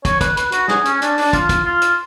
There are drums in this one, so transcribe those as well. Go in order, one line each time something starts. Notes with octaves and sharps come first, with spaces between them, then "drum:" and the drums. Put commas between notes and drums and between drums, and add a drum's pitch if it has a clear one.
C#5, drum: kick, hi-hat
B4, drum: kick, hi-hat
B4, drum: hi-hat
F#4, drum: hi-hat
G#4, drum: snare
C#4, drum: hi-hat
D4, drum: hi-hat
D4, drum: open hi-hat
F4, drum: kick, hi-hat
drum: kick, hi-hat
F4
drum: hi-hat